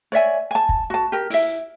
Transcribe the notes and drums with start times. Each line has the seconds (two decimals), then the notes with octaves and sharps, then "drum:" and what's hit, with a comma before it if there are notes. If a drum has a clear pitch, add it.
0.12 C#5 D5 E5 G#5
0.51 G#5 A5
0.69 drum: kick
0.90 F#4 A5
1.12 G4 A#4
1.30 E4 E5, drum: open hi-hat